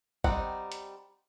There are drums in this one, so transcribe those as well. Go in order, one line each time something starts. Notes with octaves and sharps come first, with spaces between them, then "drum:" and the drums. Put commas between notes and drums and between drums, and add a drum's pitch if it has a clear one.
G3 C4 D#4 F#5, drum: kick G#1
drum: hi-hat